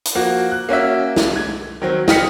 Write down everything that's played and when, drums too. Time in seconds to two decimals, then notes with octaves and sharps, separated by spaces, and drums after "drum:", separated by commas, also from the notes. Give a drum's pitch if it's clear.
0.05 drum: hi-hat
0.15 F3 A#3 F#4
0.52 F#6
0.69 A#3 C#4 F#4 E5
1.16 drum: snare
1.36 G#6
1.82 D#3 F#3 C4
2.08 D#5 G5 F6 B6 C#7, drum: snare